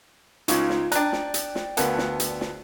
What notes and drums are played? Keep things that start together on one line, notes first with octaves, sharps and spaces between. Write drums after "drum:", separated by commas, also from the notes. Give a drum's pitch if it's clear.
C#2 C#3 D#4 F4 C#6, drum: hi-hat
drum: snare
D4 D5 G5 A#5 F#6, drum: hi-hat
drum: snare
drum: hi-hat
drum: snare
D2 A#3 B3 A4 F#5, drum: hi-hat
drum: snare
drum: hi-hat
drum: snare